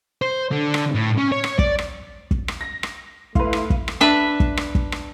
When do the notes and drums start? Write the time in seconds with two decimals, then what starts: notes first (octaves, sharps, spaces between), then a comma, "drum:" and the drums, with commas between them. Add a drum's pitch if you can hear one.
0.22 C5
0.52 D3
0.74 drum: rim click
0.95 A2
1.18 C#4
1.32 C#5
1.44 drum: rim click
1.59 D5, drum: kick
1.79 drum: rim click
2.31 drum: kick
2.48 drum: rim click
2.61 A#6
2.83 drum: rim click
3.35 A3 E4 B4 F5 C6, drum: kick
3.53 drum: rim click
3.70 drum: kick
3.88 drum: rim click
4.01 D4 B4 E5
4.40 drum: kick
4.57 drum: rim click
4.75 drum: kick
4.92 drum: rim click